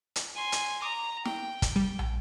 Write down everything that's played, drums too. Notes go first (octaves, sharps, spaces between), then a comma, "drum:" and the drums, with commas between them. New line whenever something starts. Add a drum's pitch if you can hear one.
drum: hi-hat
G#5 C6
drum: hi-hat
A#5 D6 D#6
G5, drum: snare
drum: kick, hi-hat
G3
drum: tom